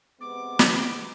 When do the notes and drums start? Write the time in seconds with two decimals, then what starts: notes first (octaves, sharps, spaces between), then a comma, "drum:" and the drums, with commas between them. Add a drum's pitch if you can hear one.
0.21 C3 G#3 B3 D6
0.59 drum: snare